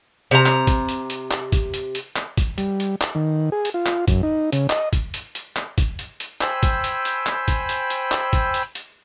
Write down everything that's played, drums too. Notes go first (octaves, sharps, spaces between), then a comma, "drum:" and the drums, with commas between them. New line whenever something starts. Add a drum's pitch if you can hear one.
C3 A#5
drum: clap
drum: kick, hi-hat
drum: hi-hat
drum: hi-hat
drum: clap
drum: kick, hi-hat
drum: hi-hat
drum: hi-hat
drum: clap
drum: kick, hi-hat
G3, drum: hi-hat
drum: hi-hat
drum: clap
D#3
G#4
drum: hi-hat
F4
drum: clap
F#2, drum: kick, hi-hat
D#4
C#3, drum: hi-hat
D#5, drum: clap
drum: kick, hi-hat
drum: hi-hat
drum: hi-hat
drum: clap
drum: kick, hi-hat
drum: hi-hat
drum: hi-hat
C5 G5 G#5 B5 E6, drum: clap
drum: kick, hi-hat
drum: hi-hat
drum: hi-hat
drum: clap
drum: kick, hi-hat
drum: hi-hat
drum: hi-hat
drum: clap
drum: kick, hi-hat
drum: hi-hat
drum: hi-hat